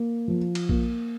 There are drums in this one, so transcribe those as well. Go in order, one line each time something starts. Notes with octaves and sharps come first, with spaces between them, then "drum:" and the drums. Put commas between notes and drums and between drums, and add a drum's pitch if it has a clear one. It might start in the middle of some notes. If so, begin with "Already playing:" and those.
Already playing: A#3
F3
drum: cymbal
A#3, drum: kick A#1